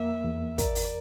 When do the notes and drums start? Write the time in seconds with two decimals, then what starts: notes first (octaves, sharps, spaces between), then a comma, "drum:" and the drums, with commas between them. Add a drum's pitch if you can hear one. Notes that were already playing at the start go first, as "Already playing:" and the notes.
Already playing: F2 A#3 E5
0.24 E2
0.58 A#4 D5, drum: kick, hi-hat
0.75 drum: open hi-hat